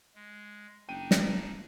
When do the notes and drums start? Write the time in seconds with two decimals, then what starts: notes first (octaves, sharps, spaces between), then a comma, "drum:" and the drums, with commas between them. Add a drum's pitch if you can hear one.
0.15 G#3
0.89 F#1 D4 D#4 G5 D#7
1.11 drum: snare